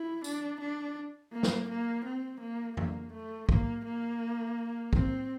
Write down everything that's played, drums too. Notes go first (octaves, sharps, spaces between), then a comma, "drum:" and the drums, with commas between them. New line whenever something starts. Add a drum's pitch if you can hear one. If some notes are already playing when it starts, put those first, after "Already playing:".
Already playing: E4
D4, drum: tambourine
D4
A#3
drum: snare
A#3
C4
A#3
A#3, drum: tom F2
A3
A#3, drum: kick
A#3
C4, drum: kick